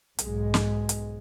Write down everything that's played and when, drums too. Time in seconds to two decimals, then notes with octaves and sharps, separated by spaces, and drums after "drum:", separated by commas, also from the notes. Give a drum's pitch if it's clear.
0.19 B1 G#2 G#3, drum: hi-hat
0.54 drum: snare
0.89 drum: hi-hat